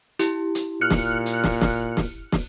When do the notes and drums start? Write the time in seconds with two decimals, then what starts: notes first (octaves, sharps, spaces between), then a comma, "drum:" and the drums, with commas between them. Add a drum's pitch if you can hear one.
0.19 E4 G4, drum: hi-hat
0.55 drum: hi-hat
0.81 A#2 F6 F#6 C#7
0.90 drum: snare
1.26 drum: hi-hat
1.44 drum: snare
1.61 drum: snare
1.97 drum: snare
2.32 drum: snare